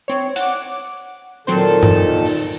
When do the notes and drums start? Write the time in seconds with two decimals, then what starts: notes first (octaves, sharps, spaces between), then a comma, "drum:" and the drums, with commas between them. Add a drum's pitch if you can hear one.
0.08 C4 C#5
0.36 F#5 D6, drum: hi-hat
1.47 A#2 D#3 F#3 C4 A4 C5
1.83 drum: tom G2
2.25 drum: open hi-hat